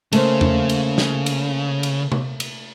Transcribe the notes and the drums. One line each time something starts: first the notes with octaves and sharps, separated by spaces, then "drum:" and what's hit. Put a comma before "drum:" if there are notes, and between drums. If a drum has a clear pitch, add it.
C#3 A3 A#3 C5, drum: cymbal
drum: tom E2
drum: cymbal
drum: snare
drum: cymbal
drum: cymbal
drum: tom C3
drum: cymbal